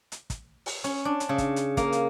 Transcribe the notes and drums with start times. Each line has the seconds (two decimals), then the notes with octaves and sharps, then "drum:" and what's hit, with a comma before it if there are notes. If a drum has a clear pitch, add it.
0.12 drum: hi-hat
0.30 drum: kick, hi-hat
0.66 drum: open hi-hat
0.84 C#4, drum: hi-hat
1.05 D4
1.20 drum: hi-hat
1.29 C#3
1.38 drum: kick, hi-hat
1.56 drum: hi-hat
1.77 A#3, drum: kick, hi-hat
1.92 drum: hi-hat